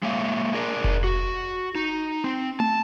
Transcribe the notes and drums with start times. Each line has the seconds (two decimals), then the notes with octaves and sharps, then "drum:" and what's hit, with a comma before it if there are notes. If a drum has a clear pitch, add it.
0.03 G#3 A#3 C#5 E5 F5
0.54 G#4 A#4 D5
0.84 drum: kick F1
1.04 F#4
1.75 D#4
2.24 C4
2.60 A5, drum: tom A3